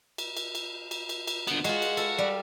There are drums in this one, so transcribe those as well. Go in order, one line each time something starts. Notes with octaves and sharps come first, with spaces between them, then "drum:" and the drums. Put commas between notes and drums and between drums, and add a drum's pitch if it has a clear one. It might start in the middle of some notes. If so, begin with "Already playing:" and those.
drum: cymbal
drum: cymbal
drum: cymbal
drum: cymbal
drum: cymbal
drum: cymbal
D3 B3, drum: cymbal
G#3 F4 F#4, drum: cymbal
drum: cymbal
A4, drum: cymbal
G3